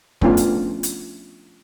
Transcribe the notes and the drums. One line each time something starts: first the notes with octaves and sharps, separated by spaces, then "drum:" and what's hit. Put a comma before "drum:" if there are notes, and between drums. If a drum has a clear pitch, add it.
F3 A3 B3 C#4 D4 F4, drum: kick
drum: hi-hat
drum: hi-hat